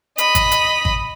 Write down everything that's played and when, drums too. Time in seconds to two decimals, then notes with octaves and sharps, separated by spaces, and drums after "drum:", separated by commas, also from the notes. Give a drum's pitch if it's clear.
0.18 D#5 B5, drum: hi-hat
0.35 drum: kick G#1, hi-hat
0.52 drum: hi-hat
0.85 drum: kick G#1